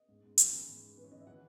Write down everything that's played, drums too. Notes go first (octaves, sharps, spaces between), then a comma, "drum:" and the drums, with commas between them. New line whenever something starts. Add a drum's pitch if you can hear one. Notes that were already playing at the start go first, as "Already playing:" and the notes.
Already playing: D#5
G#2
G#2
E3, drum: hi-hat
E3
G#2
G#2
E3 B4
C#5
E3 D#5
E5
E3 F#5